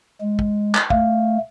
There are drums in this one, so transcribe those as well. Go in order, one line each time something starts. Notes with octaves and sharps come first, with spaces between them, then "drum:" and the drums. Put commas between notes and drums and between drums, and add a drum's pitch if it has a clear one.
G#3
drum: kick
drum: clap
A3 F5, drum: kick